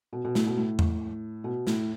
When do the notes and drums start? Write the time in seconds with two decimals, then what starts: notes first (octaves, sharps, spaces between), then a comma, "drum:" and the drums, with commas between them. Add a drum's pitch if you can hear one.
0.13 B2
0.25 B2
0.35 A2, drum: snare
0.46 B2
0.57 A2
0.79 drum: tom E2
1.44 B2
1.67 A2, drum: snare